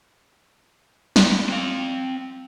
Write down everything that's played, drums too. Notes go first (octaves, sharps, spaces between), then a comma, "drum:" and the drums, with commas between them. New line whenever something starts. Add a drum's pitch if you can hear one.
drum: snare
C4 F5